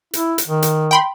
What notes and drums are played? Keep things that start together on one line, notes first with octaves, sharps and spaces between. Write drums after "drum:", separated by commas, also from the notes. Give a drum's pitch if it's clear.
E4, drum: hi-hat
drum: hi-hat
D#3
drum: hi-hat
G5 B5 C6